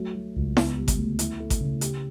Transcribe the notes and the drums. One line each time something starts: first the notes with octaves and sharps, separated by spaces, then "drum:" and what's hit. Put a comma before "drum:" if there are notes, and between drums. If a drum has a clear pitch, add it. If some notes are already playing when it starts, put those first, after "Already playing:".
Already playing: F#3 A3
F#3
C#2
B3, drum: snare E4
G3
drum: kick G#1, hi-hat
D2
E4, drum: hi-hat
A3
drum: kick G#1, hi-hat
C#3
G4, drum: hi-hat